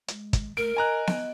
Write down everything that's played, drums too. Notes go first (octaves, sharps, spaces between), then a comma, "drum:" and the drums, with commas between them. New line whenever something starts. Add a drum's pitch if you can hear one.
G#3, drum: hi-hat
drum: kick, hi-hat
A3 A#4 D7
D#5 G#5 A#5 F#6
drum: snare B3